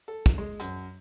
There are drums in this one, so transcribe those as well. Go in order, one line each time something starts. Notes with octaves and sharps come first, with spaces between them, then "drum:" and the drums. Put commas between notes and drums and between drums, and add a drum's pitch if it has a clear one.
A4
drum: kick, hi-hat
G#3
F#2, drum: hi-hat